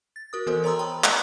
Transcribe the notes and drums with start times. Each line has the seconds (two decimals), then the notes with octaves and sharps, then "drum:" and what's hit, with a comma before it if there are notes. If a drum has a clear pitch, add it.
0.16 A6
0.33 F#4 A#4 D#6
0.47 E3 B3 A4 A#4 C5 D#5
0.64 C#5 G5 A#5 C6 D#6 E6
0.79 G5 A#5 B5
1.04 D5 D#5 F#5 A5 A#5, drum: clap